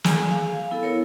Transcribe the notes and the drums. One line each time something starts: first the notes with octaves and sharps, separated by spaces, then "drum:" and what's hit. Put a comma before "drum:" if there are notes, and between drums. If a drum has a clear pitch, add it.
G#4 G#5, drum: snare
F5
B3 E4 A4
E4 A#4 C#5